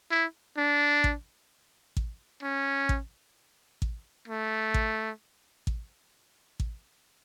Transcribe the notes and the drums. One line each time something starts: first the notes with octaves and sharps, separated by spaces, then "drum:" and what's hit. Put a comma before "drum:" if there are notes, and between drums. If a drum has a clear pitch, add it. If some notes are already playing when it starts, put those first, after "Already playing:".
E4
D4
drum: kick A1
drum: kick A1
C#4
drum: kick A1
drum: kick A1
A3
drum: kick A1
drum: kick A1
drum: kick A1